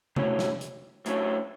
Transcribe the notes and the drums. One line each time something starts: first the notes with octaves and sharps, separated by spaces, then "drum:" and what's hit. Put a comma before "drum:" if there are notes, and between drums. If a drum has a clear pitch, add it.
A2 F#3 C#4, drum: tom C3
drum: snare
drum: hi-hat
A2 F#3 C#4, drum: hi-hat